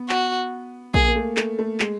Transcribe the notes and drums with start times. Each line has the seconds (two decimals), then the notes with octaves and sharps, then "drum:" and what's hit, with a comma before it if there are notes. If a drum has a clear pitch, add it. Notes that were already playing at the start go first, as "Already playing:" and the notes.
Already playing: B3
0.10 F#4, drum: clap
0.94 A#3 G#4, drum: kick A#1
1.08 A#3
1.16 A3
1.37 A3, drum: clap
1.59 A3
1.80 G#3, drum: clap